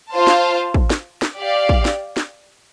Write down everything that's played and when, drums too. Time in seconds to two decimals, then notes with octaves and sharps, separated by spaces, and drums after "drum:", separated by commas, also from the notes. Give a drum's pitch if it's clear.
0.11 F4 C5 F5 A5
0.27 drum: snare
0.74 drum: kick
0.90 drum: snare
1.22 drum: snare
1.38 G4 D5 F5
1.69 drum: kick
1.85 drum: snare
2.17 drum: snare